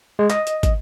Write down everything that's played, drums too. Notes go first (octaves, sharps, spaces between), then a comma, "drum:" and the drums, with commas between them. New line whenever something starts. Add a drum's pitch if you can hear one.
G#3
D#5, drum: clap
drum: hi-hat
drum: kick, hi-hat